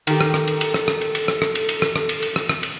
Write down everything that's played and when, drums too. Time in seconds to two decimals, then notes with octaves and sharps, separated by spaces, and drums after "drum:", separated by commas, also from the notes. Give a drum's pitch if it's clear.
0.07 D#3 G4 A4, drum: cymbal
0.21 drum: rim click
0.34 drum: rim click
0.47 drum: cymbal
0.61 drum: cymbal
0.74 drum: rim click
0.88 drum: rim click
1.01 drum: cymbal
1.15 drum: cymbal
1.28 drum: rim click
1.42 drum: rim click
1.55 drum: cymbal
1.69 drum: cymbal
1.82 drum: rim click
1.96 drum: rim click
2.09 drum: cymbal
2.23 drum: cymbal
2.36 drum: rim click
2.49 drum: rim click
2.63 drum: cymbal